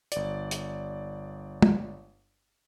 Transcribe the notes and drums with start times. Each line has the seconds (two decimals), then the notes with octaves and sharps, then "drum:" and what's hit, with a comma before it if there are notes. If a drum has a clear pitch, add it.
0.12 G1 D5, drum: hi-hat
0.51 drum: hi-hat
1.62 drum: tom